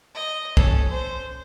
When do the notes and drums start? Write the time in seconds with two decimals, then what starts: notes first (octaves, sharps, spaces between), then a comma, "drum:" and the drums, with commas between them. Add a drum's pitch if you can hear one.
0.15 D#5
0.57 C#4 A4, drum: kick
0.89 C5